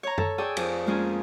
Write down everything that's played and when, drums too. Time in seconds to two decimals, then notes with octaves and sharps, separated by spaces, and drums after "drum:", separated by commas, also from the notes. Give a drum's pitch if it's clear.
0.03 C#5 A#5
0.18 A4, drum: tom F#2
0.38 G#4 D5 G5 G#5 C#6 E6
0.57 F2, drum: cymbal
0.87 G#3 A#3 C#4 F4 G#4